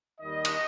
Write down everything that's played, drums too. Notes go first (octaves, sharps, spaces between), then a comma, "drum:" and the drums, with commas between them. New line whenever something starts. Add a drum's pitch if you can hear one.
D#2 D#3 G3 D#5
drum: cymbal